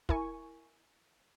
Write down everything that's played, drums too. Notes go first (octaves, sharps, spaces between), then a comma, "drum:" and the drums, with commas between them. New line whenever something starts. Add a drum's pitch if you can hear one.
E4 A#4 G#5 C#6, drum: kick